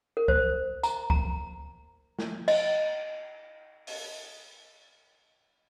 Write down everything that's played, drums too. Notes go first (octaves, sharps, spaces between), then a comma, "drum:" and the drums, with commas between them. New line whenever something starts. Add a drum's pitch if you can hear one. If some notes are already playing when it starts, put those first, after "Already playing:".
A#4
C5, drum: kick C#2
A#5, drum: tambourine
A#5, drum: kick C#2
drum: snare
D#5, drum: cymbal
drum: open hi-hat